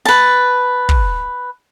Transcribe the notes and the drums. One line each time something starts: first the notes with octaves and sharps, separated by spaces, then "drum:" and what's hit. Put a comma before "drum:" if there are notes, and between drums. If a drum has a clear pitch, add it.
B4 A5
drum: kick